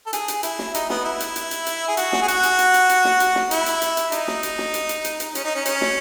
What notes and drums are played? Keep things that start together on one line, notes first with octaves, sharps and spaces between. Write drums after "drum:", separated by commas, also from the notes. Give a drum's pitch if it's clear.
A4
G#4, drum: hi-hat
drum: hi-hat
E4, drum: hi-hat
drum: snare
D#4, drum: hi-hat
B3, drum: snare
E4
drum: hi-hat
drum: hi-hat
drum: hi-hat
drum: hi-hat
G#4
F#4, drum: hi-hat
drum: snare
G#4
F#4, drum: hi-hat
drum: hi-hat
drum: hi-hat
drum: hi-hat
drum: hi-hat
drum: snare
drum: hi-hat
drum: snare
E4, drum: hi-hat
drum: hi-hat
drum: hi-hat
drum: hi-hat
D#4, drum: hi-hat
drum: snare
drum: hi-hat
drum: snare
drum: hi-hat
drum: hi-hat
drum: hi-hat
drum: hi-hat
C#4, drum: hi-hat
D#4
C#4
C#4, drum: hi-hat
drum: snare